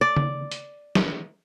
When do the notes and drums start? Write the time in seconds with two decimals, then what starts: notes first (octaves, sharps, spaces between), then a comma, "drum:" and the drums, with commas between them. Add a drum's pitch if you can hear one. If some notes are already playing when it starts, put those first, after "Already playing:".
0.01 D5
0.17 drum: tom C#3
0.52 drum: hi-hat
0.95 drum: snare